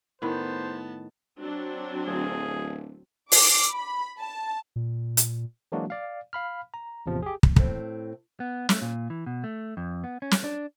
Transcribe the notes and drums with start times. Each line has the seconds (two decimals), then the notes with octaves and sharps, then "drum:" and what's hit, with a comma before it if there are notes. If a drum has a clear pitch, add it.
0.22 A2 D#3 B3 A#4 C5 A5 B5
1.40 F#3 C4 D4
2.07 D1 G#4
3.32 D6, drum: open hi-hat
3.71 B5
4.19 A5
4.76 A#2
5.17 drum: hi-hat
5.72 E3 F#3 G#3 A#3 D4 F#4
5.90 D5 F5
6.33 F5 B5 F6
6.74 A#5
7.06 A1 E2 C3 F3
7.23 G4 G#4
7.43 drum: kick
7.56 A2 C4, drum: kick
8.40 B3
8.69 A3, drum: snare
8.82 A#2
9.10 E3
9.26 B2
9.44 A3
9.77 F2
10.04 B3
10.22 C#4
10.31 drum: snare
10.44 D4